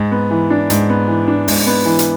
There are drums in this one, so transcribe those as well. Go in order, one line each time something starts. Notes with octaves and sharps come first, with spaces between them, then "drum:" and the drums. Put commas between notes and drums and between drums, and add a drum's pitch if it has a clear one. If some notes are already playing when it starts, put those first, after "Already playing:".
Already playing: G#2
B3
E3
D4
G#2, drum: hi-hat
B3
E3
D4
G#2, drum: open hi-hat
B3
E3
drum: hi-hat